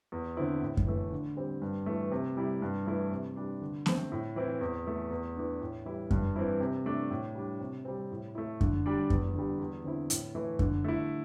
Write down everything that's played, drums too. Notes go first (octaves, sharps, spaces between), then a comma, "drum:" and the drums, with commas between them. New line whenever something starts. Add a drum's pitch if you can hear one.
E2
D3 C4 E4
A2
drum: kick F#2
E3 A3
D3
G3 C4
G2
E3 A3
C3
G3 E4
G2
E3 A3 E4
C3
G3 D4
D3
A3 C4, drum: snare B3
A2
E3 C4 E4
E2
E3 A3
E2
E3 A3 D4
A2
E3 G3 E4
G2, drum: kick F#2
E3 C4 E4
C3
A3 D4
A2
G3 D4
C3
G3 C4
A2
A3 E4
D3, drum: kick F#2
G3 D4
E2, drum: kick F#2
D3 G3
E2
D3 C4 E4
A2, drum: hi-hat
E3 A3 E4
D3, drum: kick F#2
A3 E4